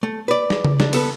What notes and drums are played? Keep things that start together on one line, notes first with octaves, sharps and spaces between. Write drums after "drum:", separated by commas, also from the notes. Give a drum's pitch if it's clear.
A3
B4 D5
drum: snare
drum: tom C#3
D4, drum: snare
B3 A4 B4, drum: cymbal